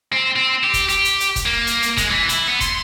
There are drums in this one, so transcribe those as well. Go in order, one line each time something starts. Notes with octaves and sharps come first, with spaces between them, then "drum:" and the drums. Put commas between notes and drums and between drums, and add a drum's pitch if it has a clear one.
C4
C4
G4
drum: kick, hi-hat
G4, drum: hi-hat
drum: hi-hat
drum: hi-hat
drum: kick, hi-hat
A#3
drum: hi-hat
drum: hi-hat
G#3, drum: kick, hi-hat
E3
E4, drum: hi-hat
B3
C6, drum: kick, hi-hat